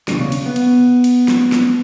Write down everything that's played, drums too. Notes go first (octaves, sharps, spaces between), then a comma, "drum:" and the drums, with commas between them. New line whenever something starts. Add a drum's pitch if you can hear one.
D#2 B2 D4, drum: snare
C#3
drum: cymbal
B3
drum: cymbal
drum: cymbal
drum: snare
drum: snare